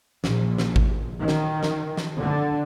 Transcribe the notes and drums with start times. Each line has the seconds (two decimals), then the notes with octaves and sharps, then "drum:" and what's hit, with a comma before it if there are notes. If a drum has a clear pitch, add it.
0.24 A#1, drum: snare
0.58 drum: snare
0.76 drum: kick G#1
1.18 D#3
1.28 drum: snare
1.63 drum: snare
1.97 drum: snare
2.21 D3